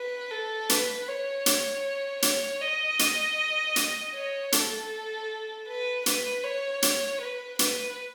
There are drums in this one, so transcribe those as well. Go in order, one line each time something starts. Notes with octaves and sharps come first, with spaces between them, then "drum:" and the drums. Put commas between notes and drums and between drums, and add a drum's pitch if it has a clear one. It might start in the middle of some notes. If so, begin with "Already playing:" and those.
Already playing: B4
A4
B4, drum: hi-hat
C#5
drum: hi-hat
C#5, drum: hi-hat
D#5
drum: hi-hat
drum: hi-hat
C#5
A4, drum: hi-hat
B4
B4, drum: hi-hat
C#5
drum: hi-hat
B4
B4, drum: hi-hat